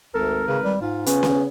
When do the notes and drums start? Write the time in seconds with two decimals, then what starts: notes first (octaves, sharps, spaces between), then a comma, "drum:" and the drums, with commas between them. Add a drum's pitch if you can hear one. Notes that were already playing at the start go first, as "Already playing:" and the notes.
0.15 G#1 D2 A4 A#4
0.48 C#3 B4
0.64 G3
0.81 G#2 F4
1.06 C#3 B3 C#4, drum: hi-hat
1.23 drum: snare C#4